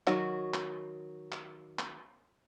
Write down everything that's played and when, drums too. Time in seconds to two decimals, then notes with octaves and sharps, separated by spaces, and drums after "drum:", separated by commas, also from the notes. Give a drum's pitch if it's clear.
0.07 D#3 F#3 F#4, drum: clap
0.54 drum: clap
1.32 drum: clap
1.79 drum: clap